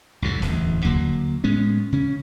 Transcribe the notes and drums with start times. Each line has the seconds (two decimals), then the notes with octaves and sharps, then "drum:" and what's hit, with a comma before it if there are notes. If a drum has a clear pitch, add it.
0.22 C2 F2 A2 C3
0.42 D1 A1 E2, drum: snare B3
0.85 D3 F#3 A#3, drum: kick D#2
1.44 A2 G#3 B3 C#4
1.92 C#3 C#4